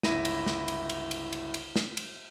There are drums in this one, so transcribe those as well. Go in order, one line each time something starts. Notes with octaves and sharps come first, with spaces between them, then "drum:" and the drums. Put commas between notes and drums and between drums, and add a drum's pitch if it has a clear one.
G1 C#2 E4 B5 A#6 D#7, drum: snare
drum: cymbal
drum: snare
drum: cymbal
drum: cymbal
drum: cymbal
drum: cymbal
drum: cymbal
drum: snare
drum: cymbal